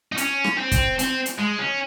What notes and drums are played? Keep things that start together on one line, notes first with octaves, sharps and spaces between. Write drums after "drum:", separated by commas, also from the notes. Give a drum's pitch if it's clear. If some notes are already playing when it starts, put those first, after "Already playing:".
D#4
C#4, drum: hi-hat
drum: rim click
C4
drum: kick, hi-hat
C4, drum: hi-hat
drum: hi-hat
G#3
C#4